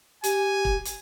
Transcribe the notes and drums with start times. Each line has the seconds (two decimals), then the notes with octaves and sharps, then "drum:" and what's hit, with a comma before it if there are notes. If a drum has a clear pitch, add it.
0.24 G4 G#5, drum: hi-hat
0.65 drum: kick
0.85 drum: hi-hat